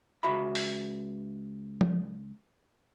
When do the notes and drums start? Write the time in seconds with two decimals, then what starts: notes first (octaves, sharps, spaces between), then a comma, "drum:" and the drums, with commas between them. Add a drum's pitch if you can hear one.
0.23 C#2 F#4 E5 B5
0.55 drum: open hi-hat
1.81 drum: tom F3